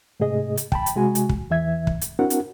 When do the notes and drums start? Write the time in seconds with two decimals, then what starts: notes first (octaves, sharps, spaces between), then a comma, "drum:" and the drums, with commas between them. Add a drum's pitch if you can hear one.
0.20 G#2 C3 A3 G#4 D#5
0.57 drum: hi-hat
0.72 G5 A5 B5, drum: kick
0.86 drum: hi-hat
0.95 C3 G#3 F#4 G#5
1.15 drum: hi-hat
1.29 drum: kick
1.50 E2 E3 E5 G#6
1.87 drum: kick
2.01 drum: hi-hat
2.19 C4 D4 E4 F#4 A#4 F#5
2.30 drum: hi-hat